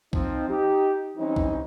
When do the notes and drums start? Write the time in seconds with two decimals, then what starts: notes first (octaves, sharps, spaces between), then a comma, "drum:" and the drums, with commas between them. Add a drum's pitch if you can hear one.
0.13 F3 C4 D#4, drum: kick
0.49 D#4 G4
1.17 E3 F3 G3 C4 C#4 D#4
1.36 drum: kick